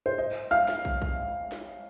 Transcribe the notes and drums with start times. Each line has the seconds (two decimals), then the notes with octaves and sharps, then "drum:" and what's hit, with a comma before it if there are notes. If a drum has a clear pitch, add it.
0.06 C5
0.18 D#5
0.51 F5 F6
0.68 drum: snare
0.85 drum: kick
1.02 drum: kick
1.52 drum: snare